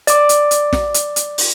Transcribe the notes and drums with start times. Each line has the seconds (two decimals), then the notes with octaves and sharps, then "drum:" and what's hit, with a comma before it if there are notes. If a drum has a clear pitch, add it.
0.07 D5 D6, drum: hi-hat
0.29 drum: hi-hat
0.51 drum: hi-hat
0.73 drum: snare
0.94 drum: hi-hat
1.16 drum: hi-hat
1.38 drum: open hi-hat